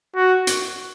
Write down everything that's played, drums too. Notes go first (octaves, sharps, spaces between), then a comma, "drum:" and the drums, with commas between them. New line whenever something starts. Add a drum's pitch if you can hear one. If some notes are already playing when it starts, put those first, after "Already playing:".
F#4
drum: hi-hat